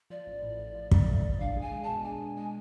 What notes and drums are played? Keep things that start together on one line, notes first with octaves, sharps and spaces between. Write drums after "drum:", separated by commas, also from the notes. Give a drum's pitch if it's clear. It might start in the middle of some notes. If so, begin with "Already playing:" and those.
F3 D5
A1
A2
A1
F3
A1, drum: kick
A2
A1
D4 F5
G#4 G#5
G#3
B2 A5
D4 G#5
G#4
G#3 G#5